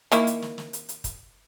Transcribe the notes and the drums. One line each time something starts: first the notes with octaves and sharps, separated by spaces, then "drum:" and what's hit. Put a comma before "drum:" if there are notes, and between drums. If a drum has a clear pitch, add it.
D#3 A#3 E4, drum: hi-hat
drum: hi-hat
drum: snare
drum: snare
drum: hi-hat
drum: hi-hat
drum: kick, hi-hat